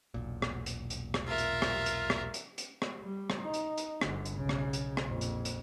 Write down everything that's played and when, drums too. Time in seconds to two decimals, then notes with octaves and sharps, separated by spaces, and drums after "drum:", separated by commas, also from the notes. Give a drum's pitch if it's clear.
0.14 E1 B1 A#2
0.42 drum: rim click
0.66 drum: hi-hat
0.90 drum: hi-hat
1.14 drum: rim click
1.27 F4 A#4 E5
1.38 drum: hi-hat
1.62 drum: rim click
1.86 drum: hi-hat
2.10 drum: rim click
2.34 drum: hi-hat
2.58 drum: hi-hat
2.82 drum: rim click
3.02 G3
3.30 drum: rim click
3.42 D#4
3.54 drum: hi-hat
3.78 drum: hi-hat
4.01 G1 D3, drum: rim click
4.25 drum: hi-hat
4.36 B1 C#3
4.49 drum: rim click
4.73 drum: hi-hat
4.97 drum: rim click
5.06 A#1 F2
5.21 drum: hi-hat
5.45 drum: hi-hat